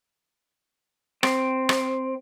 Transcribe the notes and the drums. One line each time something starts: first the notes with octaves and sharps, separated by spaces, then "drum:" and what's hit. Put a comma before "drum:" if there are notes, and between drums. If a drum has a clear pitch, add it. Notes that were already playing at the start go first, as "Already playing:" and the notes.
C4, drum: rim click
drum: rim click